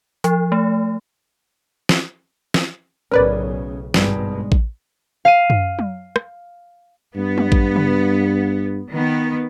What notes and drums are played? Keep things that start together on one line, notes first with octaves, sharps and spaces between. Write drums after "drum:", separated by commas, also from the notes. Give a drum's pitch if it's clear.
F3, drum: hi-hat
A3
drum: snare
drum: snare
B1 A2 C#3 C#4 A#4 B4 D5
G#1 G2 B2 G#3, drum: snare
drum: kick A1
F5 D#7
drum: tom F#2
drum: tom F#3
drum: rim click
G2 B3
drum: tom F#3
drum: kick A1
drum: tom C#3
D#3 B3